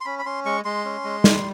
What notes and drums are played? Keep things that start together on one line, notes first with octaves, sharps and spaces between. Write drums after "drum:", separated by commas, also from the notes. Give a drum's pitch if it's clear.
C6
C#4 B5
B5
C#4 C6
G#3 C#6
G#3 C6
C#4
G#3
G3, drum: snare